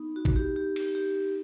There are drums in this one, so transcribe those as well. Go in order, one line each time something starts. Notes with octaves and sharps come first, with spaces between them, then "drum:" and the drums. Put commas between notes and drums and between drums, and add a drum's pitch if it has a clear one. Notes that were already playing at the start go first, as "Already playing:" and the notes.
Already playing: B3 D#4
F#4
drum: kick A1
G4
G4
G4, drum: cymbal
G4